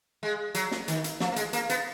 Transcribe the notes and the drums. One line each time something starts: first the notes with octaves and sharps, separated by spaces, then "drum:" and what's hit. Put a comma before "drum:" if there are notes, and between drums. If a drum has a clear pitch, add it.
G#3
F#3, drum: hi-hat
drum: snare
D#3, drum: hi-hat
drum: hi-hat
F3, drum: snare
A#3
G#3, drum: hi-hat
A#3, drum: hi-hat
B3, drum: hi-hat